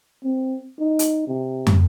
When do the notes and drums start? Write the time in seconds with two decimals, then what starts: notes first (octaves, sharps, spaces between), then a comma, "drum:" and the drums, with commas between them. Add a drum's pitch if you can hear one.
0.24 C4
0.79 D#4
0.99 drum: hi-hat
1.28 C3
1.67 drum: tom